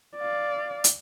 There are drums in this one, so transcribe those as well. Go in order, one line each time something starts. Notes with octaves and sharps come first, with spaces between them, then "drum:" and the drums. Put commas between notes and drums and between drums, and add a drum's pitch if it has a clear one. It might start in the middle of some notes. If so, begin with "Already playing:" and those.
D5 F5
drum: hi-hat